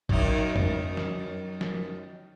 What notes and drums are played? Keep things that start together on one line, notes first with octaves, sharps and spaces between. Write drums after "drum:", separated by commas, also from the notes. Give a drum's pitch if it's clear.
F#2 D#3 D#4, drum: kick
drum: tom F2
drum: snare
drum: snare